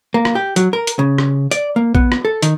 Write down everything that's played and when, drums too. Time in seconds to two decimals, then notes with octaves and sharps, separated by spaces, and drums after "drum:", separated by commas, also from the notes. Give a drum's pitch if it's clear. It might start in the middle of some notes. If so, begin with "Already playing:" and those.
0.14 A#3
0.25 drum: rim click
0.35 G4
0.56 F#3, drum: hi-hat
0.73 A#4
0.87 drum: hi-hat
0.99 C#3
1.18 drum: rim click
1.51 D5, drum: hi-hat
1.76 A#3
1.95 B3, drum: kick A#1
2.12 drum: rim click
2.25 A4
2.42 D#3, drum: hi-hat